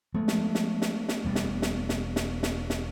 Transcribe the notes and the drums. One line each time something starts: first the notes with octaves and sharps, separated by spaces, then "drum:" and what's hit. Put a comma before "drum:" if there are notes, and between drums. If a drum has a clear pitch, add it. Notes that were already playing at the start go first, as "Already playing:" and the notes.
F3 G#3 A3 B3
drum: snare
drum: snare
drum: snare
drum: snare
E1 G3 B3
drum: snare
drum: snare
drum: snare
drum: snare
drum: snare
drum: snare